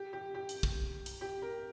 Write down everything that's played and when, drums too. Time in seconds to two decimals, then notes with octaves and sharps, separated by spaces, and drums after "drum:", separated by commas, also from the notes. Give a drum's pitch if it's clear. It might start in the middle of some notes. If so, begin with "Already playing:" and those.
Already playing: G4
0.13 G4
0.35 G4
0.49 drum: hi-hat
0.63 drum: kick
1.06 drum: hi-hat
1.21 G4
1.42 A#4